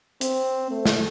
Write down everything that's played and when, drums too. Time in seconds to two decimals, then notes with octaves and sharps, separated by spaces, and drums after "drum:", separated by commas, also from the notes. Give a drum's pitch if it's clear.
0.21 C4, drum: hi-hat
0.71 A3
0.85 drum: snare